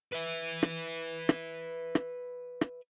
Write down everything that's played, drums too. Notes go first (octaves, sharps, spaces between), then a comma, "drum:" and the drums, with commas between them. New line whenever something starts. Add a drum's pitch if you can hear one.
B4 E5
drum: rim click
drum: rim click
drum: rim click
drum: rim click